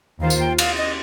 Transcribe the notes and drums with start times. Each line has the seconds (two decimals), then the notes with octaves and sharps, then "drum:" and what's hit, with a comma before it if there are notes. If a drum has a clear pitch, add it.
0.20 D#2 D#3 A#3 F4 C5 F5
0.30 drum: tambourine
0.40 G5
0.59 F5, drum: cymbal
0.77 D#5